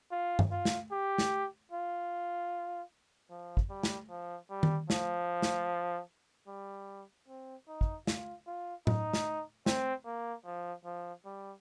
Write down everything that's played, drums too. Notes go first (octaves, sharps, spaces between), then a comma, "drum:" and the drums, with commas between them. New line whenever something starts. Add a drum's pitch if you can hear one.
F4
drum: tom G2
F4
drum: snare
G4
drum: snare
F4
F3
drum: kick
G3
drum: snare
F3
G3
drum: tom D#3
F3, drum: snare
drum: snare
G3
C4
D#4
drum: kick
F4, drum: snare
F4
D#4, drum: tom A2
drum: snare
C4, drum: snare
A#3
F3
F3
G3